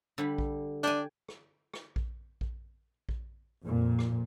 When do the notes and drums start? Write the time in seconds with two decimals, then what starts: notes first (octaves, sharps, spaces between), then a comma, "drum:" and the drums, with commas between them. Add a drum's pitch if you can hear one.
0.18 D3 G3 B5
0.38 drum: kick A#1
0.83 D4 G5 G#5
1.29 drum: rim click
1.74 drum: rim click
1.96 drum: kick A#1
2.41 drum: kick A#1
3.09 drum: kick A#1
3.63 F2 A#2
3.99 drum: rim click